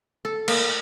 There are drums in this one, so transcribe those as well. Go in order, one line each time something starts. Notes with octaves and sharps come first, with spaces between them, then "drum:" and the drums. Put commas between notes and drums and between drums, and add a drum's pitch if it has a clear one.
A4
A#3, drum: cymbal